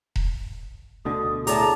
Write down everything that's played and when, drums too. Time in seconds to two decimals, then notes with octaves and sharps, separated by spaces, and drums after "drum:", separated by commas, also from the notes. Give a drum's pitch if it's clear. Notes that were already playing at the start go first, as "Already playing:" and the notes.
0.16 drum: kick E1
1.05 D2 B2 D3 D#6
1.47 A2 G#4 D5 A5 A#5 D6, drum: hi-hat